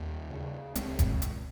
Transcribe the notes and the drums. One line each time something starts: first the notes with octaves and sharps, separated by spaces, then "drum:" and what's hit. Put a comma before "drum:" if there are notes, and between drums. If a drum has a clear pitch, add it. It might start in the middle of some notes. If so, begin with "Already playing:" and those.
Already playing: D#2 G3 A#3
C#3
C#2 G#3 C4, drum: hi-hat
drum: kick, hi-hat
drum: hi-hat